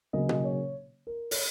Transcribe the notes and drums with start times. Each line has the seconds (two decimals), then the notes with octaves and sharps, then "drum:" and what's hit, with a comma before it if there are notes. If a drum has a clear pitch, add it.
0.13 C#3 F#3 A#3 C#4 D#5
0.29 D#5, drum: tom B2
0.44 C#5
1.07 A#4
1.31 C#5, drum: open hi-hat